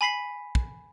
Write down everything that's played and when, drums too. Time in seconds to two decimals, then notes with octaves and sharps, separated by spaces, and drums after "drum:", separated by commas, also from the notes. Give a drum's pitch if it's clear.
0.01 G#5 B5 B6 C7 F#7
0.55 drum: kick